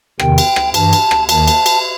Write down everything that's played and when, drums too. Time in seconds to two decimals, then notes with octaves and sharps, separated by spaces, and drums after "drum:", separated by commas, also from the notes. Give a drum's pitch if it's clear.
0.19 E2 C3 D#3 G5, drum: rim click
0.38 drum: cymbal
0.56 drum: rim click
0.74 G2 E3 A5, drum: cymbal
0.93 drum: cymbal
1.11 drum: rim click
1.29 D#2 D#3 A5, drum: cymbal
1.48 drum: cymbal
1.66 drum: cymbal